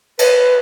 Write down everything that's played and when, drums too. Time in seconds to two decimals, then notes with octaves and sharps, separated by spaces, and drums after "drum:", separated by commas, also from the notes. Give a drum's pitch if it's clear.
0.19 B4, drum: cymbal